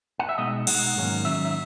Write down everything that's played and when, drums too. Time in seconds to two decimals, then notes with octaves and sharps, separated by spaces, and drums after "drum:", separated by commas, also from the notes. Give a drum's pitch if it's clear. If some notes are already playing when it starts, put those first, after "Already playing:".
0.19 F#5
0.29 E5
0.38 B2 G#3 D#4 D#5
0.67 B2 G#3 D#4 F#5, drum: cymbal
0.96 G#2 D#3 F#3 A#3 C#4
1.25 G#2 D#3 F#3 C#4 E5
1.45 E5